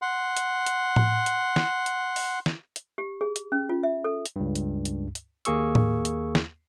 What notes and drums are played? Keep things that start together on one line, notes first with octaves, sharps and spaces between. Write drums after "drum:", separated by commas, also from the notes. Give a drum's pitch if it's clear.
F#5 C6
drum: hi-hat
drum: hi-hat
drum: tom A2
drum: hi-hat
drum: snare
drum: hi-hat
drum: open hi-hat
drum: snare
drum: hi-hat
G4
G#4
drum: hi-hat
C#4
F4
E5
A4
drum: hi-hat
C#2 G2
drum: hi-hat
drum: hi-hat
drum: hi-hat
D#2 A#3 G#4 C#6 E6, drum: hi-hat
drum: tom A2
drum: hi-hat
drum: snare